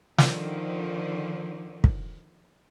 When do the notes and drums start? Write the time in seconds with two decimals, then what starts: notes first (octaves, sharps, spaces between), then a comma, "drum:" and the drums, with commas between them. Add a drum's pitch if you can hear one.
0.18 D3 D#3 F3, drum: snare
1.84 drum: kick